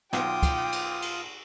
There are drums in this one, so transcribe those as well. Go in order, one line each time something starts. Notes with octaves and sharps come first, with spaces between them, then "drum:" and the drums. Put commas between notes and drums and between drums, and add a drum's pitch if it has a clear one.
B1 F4 G5 D6 D#6, drum: snare
drum: kick, cymbal
drum: cymbal
drum: cymbal